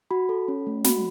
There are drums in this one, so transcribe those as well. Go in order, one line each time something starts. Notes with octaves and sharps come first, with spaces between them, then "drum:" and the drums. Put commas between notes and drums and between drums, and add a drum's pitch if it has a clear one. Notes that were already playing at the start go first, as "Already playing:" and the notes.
F#4 B5
A4
C#4
A3
F#4 B5, drum: snare